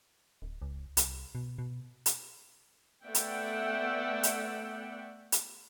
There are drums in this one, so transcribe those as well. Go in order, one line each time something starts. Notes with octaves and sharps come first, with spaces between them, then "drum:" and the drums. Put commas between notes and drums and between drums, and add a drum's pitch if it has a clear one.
D1
C#2
C2, drum: hi-hat
B2
B2
drum: hi-hat
A3 B3 D5 E5 F#5 G5
drum: hi-hat
drum: hi-hat
drum: hi-hat